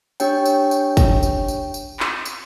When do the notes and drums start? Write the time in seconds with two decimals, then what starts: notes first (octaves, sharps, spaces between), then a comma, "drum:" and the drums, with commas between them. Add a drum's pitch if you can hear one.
0.20 D4 G4 C#5 G5, drum: tambourine
0.46 drum: tambourine
0.71 drum: tambourine
0.97 drum: kick, tambourine
1.23 drum: tambourine
1.48 drum: tambourine
1.74 drum: tambourine
2.00 drum: clap
2.25 drum: tambourine